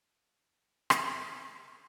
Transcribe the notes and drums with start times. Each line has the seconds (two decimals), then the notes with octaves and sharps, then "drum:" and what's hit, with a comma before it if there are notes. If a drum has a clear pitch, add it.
0.17 G2 A3 G4 D7
0.44 G#3 G#4 A4
0.90 drum: rim click
1.48 F#5